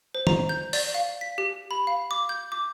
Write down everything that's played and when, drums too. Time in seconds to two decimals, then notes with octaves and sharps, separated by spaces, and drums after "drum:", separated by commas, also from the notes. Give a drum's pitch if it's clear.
0.15 C5
0.27 A#5, drum: tom
0.49 G6
0.73 D5, drum: open hi-hat
0.94 F5
1.21 B6
1.38 G4
1.71 B5
1.87 F5
2.11 D6
2.29 G6
2.52 D6